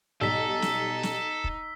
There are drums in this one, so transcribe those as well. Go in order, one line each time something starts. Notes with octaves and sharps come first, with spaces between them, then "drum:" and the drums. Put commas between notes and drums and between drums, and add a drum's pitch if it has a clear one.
B1 G3 D#4 A4 E6 B6
drum: snare
drum: snare
drum: kick